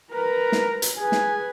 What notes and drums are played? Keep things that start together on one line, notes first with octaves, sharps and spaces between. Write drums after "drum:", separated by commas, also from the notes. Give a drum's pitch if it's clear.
A#4 B4 A#5
drum: snare
drum: hi-hat
G#4 B4 G#5
drum: snare